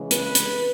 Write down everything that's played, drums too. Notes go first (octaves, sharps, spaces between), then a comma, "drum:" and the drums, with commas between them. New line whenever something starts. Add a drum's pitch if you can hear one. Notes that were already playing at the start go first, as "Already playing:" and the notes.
Already playing: C#3 E3 G#3
B4, drum: hi-hat
drum: hi-hat